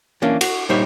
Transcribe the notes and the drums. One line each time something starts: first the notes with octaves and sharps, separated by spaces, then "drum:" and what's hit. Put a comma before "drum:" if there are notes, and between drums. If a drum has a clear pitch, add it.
E3 A#3 C#4 D4
F#4, drum: cymbal
A#2 G3 D#4 C5 C#5 E5